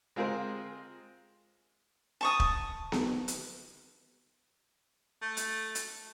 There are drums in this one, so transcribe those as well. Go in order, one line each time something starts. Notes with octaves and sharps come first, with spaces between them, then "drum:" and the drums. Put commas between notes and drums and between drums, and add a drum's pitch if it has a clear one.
G#3 C4 F4 G#4 A#4 C5
A5 C#6 D#6
drum: kick
drum: snare B3
drum: hi-hat
A3
drum: hi-hat
drum: hi-hat